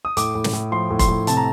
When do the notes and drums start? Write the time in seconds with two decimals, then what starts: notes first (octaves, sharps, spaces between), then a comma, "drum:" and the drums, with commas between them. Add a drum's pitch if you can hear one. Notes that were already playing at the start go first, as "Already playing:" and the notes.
0.05 D#6
0.17 A2 D6, drum: hi-hat
0.35 A2
0.44 drum: snare
0.53 A2
0.72 F3 C6
0.90 A2
0.99 C6, drum: kick E1, hi-hat
1.09 A2
1.27 C3 A5, drum: hi-hat
1.37 A#5